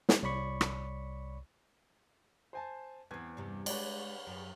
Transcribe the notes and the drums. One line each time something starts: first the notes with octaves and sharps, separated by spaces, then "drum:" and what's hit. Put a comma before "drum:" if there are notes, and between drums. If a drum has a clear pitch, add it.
drum: snare
C2 C#5 D5 B5 C#6
drum: rim click
C5 G#5 A5
E2 B3 C4 G#6
G2 C3
G#3 B4 C#5 D5, drum: cymbal
F#2